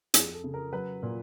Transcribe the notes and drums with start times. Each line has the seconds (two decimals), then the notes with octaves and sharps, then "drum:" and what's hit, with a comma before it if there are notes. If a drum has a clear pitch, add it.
0.14 F2 G#4, drum: hi-hat
0.34 A4
0.44 C#3
0.54 A#4
0.72 F#3 B4
1.03 A#2